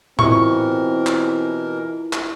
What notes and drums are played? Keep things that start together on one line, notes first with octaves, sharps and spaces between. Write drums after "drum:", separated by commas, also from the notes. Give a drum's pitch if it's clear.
B2 E3 C4 E4 F4 A#4 C#6, drum: tom A2
drum: clap
drum: clap